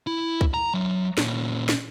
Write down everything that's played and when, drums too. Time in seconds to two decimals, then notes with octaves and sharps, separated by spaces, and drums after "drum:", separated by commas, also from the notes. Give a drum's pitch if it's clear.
0.07 E4
0.41 drum: kick C2
0.54 A#5
0.74 F#3 E5
1.18 A#2 C#4, drum: snare
1.69 drum: snare